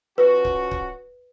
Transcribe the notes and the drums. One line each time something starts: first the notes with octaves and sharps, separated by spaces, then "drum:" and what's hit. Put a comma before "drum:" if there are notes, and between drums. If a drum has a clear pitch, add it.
F3 C#4 F#4 B4
drum: kick C#1
drum: kick C#1